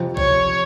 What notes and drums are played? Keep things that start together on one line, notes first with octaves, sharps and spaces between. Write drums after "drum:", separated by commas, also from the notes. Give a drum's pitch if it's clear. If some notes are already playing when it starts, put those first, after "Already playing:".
Already playing: F2 C3 F3
C#5, drum: kick A#1